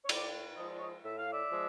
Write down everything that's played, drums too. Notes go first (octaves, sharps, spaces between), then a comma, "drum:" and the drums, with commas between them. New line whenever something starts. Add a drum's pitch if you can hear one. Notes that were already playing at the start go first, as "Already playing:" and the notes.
C#5
A2 C5 D5, drum: cymbal
F3 G#3 D#5
D5
C#5 D#5
A2 E5
F5
D5 E5
F3 G#3